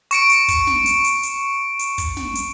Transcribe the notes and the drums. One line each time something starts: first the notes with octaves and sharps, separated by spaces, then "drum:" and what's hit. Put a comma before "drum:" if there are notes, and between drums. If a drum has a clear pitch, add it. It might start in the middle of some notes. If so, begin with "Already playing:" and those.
C#6 C#7 D7, drum: hi-hat
drum: hi-hat
drum: kick, hi-hat
drum: snare
drum: hi-hat
drum: hi-hat
drum: hi-hat
drum: hi-hat
drum: kick, hi-hat
drum: snare
drum: hi-hat